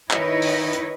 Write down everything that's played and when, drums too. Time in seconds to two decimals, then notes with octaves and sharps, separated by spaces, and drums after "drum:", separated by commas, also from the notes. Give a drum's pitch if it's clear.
0.11 D#3 D#4 E4 B4 C#5 D#5, drum: clap
0.42 drum: open hi-hat
0.73 drum: hi-hat